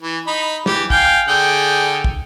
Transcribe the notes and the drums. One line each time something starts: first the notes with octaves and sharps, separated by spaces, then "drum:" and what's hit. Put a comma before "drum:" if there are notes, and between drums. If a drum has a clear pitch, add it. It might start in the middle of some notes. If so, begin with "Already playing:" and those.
E3
D#4 B5
E3 G4, drum: snare
F5 G5 G#5, drum: kick
D3 G#4 G5
drum: kick